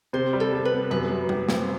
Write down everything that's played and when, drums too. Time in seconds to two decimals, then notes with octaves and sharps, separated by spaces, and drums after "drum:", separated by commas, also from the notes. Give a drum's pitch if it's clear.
0.13 C3 C5
0.33 G3
0.40 A4
0.52 C3
0.65 B4
0.72 B3
0.91 F#2 B4
1.10 F#3
1.29 G4, drum: tom G3
1.49 C4, drum: snare